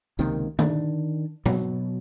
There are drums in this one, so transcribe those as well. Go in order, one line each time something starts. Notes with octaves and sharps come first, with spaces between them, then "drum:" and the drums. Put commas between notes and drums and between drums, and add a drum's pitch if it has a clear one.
C#2 C3 D#3 A#3, drum: tambourine
D#3 D4, drum: tom
B2 F#3, drum: tom